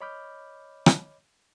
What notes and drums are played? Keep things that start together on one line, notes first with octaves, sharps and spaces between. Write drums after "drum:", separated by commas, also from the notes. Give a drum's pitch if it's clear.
C#5 D#5 B5 D6 F6 G6
drum: rim click